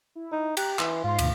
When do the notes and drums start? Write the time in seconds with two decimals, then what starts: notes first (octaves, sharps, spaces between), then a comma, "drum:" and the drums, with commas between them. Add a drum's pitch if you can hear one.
0.16 E4
0.32 D#4
0.57 G4 A#5 F#6, drum: cymbal
0.79 E3 C6, drum: clap
1.04 G#2 F4 C6
1.19 D2 G#2 B2, drum: cymbal